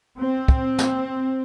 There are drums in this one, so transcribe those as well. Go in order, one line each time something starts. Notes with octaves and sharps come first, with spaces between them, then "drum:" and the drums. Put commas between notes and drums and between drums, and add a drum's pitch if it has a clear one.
C4
drum: kick
drum: snare